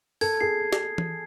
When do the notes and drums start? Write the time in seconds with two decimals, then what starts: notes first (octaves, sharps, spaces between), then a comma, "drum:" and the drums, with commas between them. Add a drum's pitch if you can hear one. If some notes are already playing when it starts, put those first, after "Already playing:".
0.21 A4 G#6, drum: open hi-hat
0.40 G#4 C7
0.73 drum: snare G4
0.98 drum: tom E3